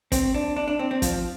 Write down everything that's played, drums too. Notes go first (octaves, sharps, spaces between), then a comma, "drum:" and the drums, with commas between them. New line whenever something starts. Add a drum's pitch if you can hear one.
C4, drum: kick, hi-hat
D4
D4
D4
C4
C4
F3, drum: kick, hi-hat